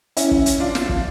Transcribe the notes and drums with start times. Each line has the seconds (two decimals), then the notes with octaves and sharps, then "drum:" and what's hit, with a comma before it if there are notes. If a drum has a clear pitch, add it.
0.17 C#4 E4, drum: hi-hat
0.31 drum: kick
0.46 drum: hi-hat
0.60 D4 F4
0.75 drum: snare
0.89 drum: kick